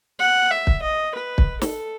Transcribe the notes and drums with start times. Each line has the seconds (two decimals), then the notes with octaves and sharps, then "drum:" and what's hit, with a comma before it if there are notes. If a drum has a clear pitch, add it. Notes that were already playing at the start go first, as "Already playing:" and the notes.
0.20 F#5
0.51 E5
0.67 drum: kick
0.82 D#5
1.15 B4
1.38 drum: kick
1.62 A4, drum: snare